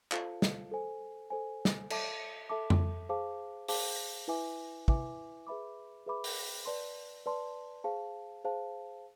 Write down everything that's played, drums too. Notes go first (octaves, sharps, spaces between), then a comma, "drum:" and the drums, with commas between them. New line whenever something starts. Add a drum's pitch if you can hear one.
F4 A4 C5 F5 A5, drum: clap
drum: snare
A4 C5 G#5
A4 C5 G#5
drum: snare
A4 E5 A5 D6, drum: cymbal
A4 E5 A5 D6
drum: tom F2
G#4 C5 F5 A5 D6
G#4 C5 F5 A5 D6, drum: open hi-hat
E4 B4 E5 G#5 D6
E4 B4 E5 G#5 D6, drum: kick
G#4 B4 E5 B5 D6
G#4 B4 E5 B5 D6
drum: open hi-hat
B4 D5 A5 C6
B4 D5 A5 C6
G#4 C5 F5 A5
G#4 C5 F5 A5